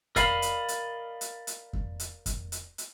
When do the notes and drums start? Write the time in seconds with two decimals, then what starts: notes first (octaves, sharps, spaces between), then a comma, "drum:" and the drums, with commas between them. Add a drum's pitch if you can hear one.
0.16 A#4 D5 D#5 F5 B5, drum: kick F2, hi-hat
0.42 drum: hi-hat
0.68 drum: hi-hat
1.21 drum: hi-hat
1.47 drum: hi-hat
1.73 drum: kick F2
2.00 drum: hi-hat
2.26 drum: kick F2, hi-hat
2.52 drum: hi-hat
2.78 drum: hi-hat